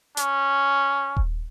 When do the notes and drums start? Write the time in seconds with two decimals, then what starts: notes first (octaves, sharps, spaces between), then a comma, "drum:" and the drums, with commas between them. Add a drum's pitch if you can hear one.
0.17 C#4, drum: hi-hat
1.17 drum: kick D#1